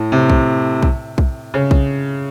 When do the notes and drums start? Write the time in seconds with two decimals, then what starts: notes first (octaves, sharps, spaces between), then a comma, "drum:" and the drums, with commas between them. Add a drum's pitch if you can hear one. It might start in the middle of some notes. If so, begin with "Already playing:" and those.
Already playing: A2
0.12 C3
0.30 drum: kick B1
0.83 drum: kick B1
1.18 drum: kick B1
1.54 C#3
1.71 drum: kick B1